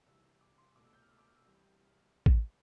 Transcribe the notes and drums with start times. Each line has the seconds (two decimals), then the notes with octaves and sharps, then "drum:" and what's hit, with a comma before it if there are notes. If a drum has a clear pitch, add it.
0.06 C2 C3 E3 G3 E6
0.41 D6
0.58 C6
0.75 C2 B2 A3 D6
0.84 E6
0.93 G6
1.02 F6
1.09 E6
1.18 D6
1.27 F6
1.35 E6
1.45 C2 C3 E3 G3
2.26 drum: kick A1